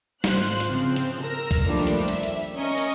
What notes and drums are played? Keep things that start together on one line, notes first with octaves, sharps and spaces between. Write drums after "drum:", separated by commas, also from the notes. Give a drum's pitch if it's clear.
G#1 F4 C5 F#6, drum: snare
drum: hi-hat
C#3 F3 C4
drum: hi-hat
A#4 A#5 E6
drum: kick, hi-hat
D#3 F3 G3 A3 A#3 D4
drum: hi-hat
E5, drum: hi-hat
drum: hi-hat
C#4 A#4 D#5 C#6
drum: hi-hat